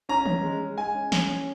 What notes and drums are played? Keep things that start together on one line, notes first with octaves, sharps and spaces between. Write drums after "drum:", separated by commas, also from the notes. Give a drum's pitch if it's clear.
C#4 A#5
C#4, drum: tom D#3
G#3
G#3
G#3 G#5
C#4
C#4, drum: snare
C#4